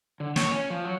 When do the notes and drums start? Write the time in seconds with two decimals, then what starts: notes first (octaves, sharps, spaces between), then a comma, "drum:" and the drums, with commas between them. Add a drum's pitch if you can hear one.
0.20 D3
0.36 C#5, drum: snare
0.52 C#4
0.70 F3
0.85 F#3